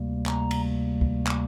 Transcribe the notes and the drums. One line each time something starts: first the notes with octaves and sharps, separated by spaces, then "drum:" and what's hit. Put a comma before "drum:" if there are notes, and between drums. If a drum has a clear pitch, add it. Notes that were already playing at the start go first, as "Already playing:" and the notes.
Already playing: D2 C3 G3 A#3
A#5, drum: clap
drum: cymbal
drum: kick
drum: clap